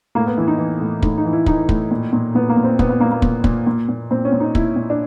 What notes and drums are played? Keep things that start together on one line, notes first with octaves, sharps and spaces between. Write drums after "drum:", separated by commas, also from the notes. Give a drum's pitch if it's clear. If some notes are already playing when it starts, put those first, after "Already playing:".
A2 A#3
B3
E3 E4
D#4
E3
A2
A2 D#4, drum: kick
D#4
E3
E4
E3 D#4, drum: kick
A2, drum: kick
A#2
A#2
A#2 B3
A#3
A#2
C4
A#2 B3, drum: kick
B3
A#2 A#3
A#3
A#2, drum: kick
A#2, drum: kick
A#2
A#2
A#2 C4
C#4
A#2
D#4
A#2 E4, drum: kick
A#2
D4